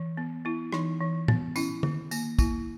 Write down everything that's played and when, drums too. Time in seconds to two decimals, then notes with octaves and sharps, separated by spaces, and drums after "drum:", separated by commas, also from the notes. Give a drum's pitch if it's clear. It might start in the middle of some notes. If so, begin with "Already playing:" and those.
Already playing: E3
0.17 B3
0.45 B3 E4
0.72 E3 D#4, drum: rim click
1.01 E3
1.28 B3, drum: tom A2
1.56 C#4 E4, drum: tambourine
1.83 D#3, drum: tom
2.11 A#3, drum: tambourine
2.39 A#3 E4, drum: kick, tambourine